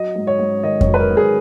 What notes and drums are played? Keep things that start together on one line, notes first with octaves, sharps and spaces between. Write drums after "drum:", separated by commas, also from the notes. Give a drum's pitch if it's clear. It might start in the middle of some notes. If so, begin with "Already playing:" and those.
Already playing: F#3 D#5
G#2
C#5
G#2
D#3 D#5
C#5, drum: kick F2
F#3
B4
A#4
G#2
G#4